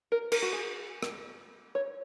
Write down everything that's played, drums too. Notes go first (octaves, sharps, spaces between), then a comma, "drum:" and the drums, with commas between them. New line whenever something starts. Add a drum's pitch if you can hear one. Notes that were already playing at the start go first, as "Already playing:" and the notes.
A#4
A#4, drum: cymbal
F#4
G#4
drum: rim click
C#5